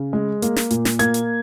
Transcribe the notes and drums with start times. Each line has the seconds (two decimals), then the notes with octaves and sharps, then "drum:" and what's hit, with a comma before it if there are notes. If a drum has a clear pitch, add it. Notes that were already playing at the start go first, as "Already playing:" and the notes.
Already playing: C#3
0.13 G#3
0.42 A#3, drum: hi-hat
0.56 drum: snare
0.70 A#2, drum: hi-hat
0.85 drum: snare
0.99 A#3 G#6, drum: hi-hat
1.14 drum: hi-hat